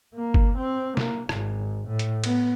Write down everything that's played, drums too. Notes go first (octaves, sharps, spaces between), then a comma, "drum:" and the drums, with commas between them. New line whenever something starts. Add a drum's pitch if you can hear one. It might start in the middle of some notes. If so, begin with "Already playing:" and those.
A#3
drum: kick
C4
A#3, drum: snare
G#1, drum: rim click
A2
drum: hi-hat
B3, drum: cymbal